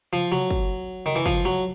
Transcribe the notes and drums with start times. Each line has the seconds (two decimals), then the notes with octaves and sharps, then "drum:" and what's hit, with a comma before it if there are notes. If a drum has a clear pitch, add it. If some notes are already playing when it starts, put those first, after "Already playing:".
0.13 F3
0.32 F#3
0.50 drum: kick
1.06 D#3
1.16 E3
1.26 F3, drum: kick
1.45 F#3